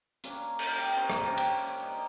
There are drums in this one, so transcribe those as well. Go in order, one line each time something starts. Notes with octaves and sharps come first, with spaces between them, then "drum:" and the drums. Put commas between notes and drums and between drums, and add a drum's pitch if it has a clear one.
A#3 C#4 D4, drum: hi-hat
drum: cymbal
G4 D#5
C4 D4 A#4 C#5
drum: rim click
C#4 D4 G5
drum: cymbal
D#4 D5